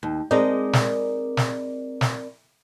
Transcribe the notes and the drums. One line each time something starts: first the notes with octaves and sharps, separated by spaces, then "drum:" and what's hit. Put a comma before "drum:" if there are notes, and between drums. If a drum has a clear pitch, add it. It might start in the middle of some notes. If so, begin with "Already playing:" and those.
D#2
G#3 C4 D#4 A#4 D5
drum: snare
drum: snare
drum: snare